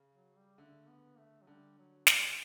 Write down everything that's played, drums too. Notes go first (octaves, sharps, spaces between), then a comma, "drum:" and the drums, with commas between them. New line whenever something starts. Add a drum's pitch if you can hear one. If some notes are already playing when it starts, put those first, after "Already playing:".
Already playing: C#3
F#3
G3
D3 A3
B3
A3
F#3
D3 G3
F#3
G3, drum: snare
C#3